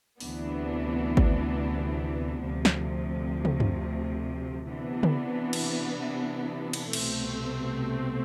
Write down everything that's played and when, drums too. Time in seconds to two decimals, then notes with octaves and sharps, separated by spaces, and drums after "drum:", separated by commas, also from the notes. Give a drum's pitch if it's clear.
0.20 D2 C3 E3 B3 D4, drum: open hi-hat
1.17 drum: kick G#1
2.44 D2 C3 F3
2.65 drum: snare
3.45 drum: tom
3.60 drum: tom F#2
4.69 C3 E3 B3 D4
5.03 drum: tom C#3
5.53 drum: cymbal
6.73 drum: cymbal
6.93 C2 B2 A3 C4, drum: cymbal